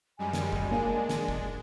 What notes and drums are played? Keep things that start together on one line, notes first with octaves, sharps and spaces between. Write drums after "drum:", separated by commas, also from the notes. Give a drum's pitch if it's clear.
F#2 G3 G#3 G#5
drum: snare
drum: kick F1
G#3 A#3 D4
drum: snare
drum: kick F1